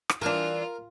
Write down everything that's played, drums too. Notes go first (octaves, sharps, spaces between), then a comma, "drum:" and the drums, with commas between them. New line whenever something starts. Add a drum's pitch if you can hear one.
drum: rim click
E3 D4 F4 A#4